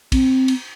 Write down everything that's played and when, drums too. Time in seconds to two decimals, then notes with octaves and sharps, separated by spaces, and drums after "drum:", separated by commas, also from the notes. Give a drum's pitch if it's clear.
0.12 C4, drum: kick, cymbal
0.48 drum: cymbal